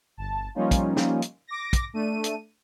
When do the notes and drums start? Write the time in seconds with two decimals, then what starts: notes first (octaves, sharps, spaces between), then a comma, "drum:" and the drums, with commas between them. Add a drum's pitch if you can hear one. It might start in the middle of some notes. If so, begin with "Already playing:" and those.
0.17 G1 A5
0.55 F3 G3 A#3 C#4 D#4 F4
0.71 drum: kick, hi-hat
0.97 drum: snare
1.22 drum: hi-hat
1.48 D6 A#6
1.73 drum: kick, hi-hat
1.94 A3 D4 D#7
2.24 drum: hi-hat